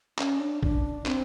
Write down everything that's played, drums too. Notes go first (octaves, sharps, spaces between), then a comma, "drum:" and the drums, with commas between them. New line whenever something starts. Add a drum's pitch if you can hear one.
C#4, drum: clap
D4
D4, drum: kick A#1
C4, drum: clap